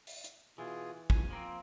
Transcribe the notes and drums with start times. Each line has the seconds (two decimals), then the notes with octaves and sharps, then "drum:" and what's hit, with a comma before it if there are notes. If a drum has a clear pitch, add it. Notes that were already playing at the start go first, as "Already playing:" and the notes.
0.07 drum: open hi-hat
0.24 drum: hi-hat
0.58 B2 E3 F4 G#4
1.10 G#5, drum: kick
1.30 F3 A#3 C4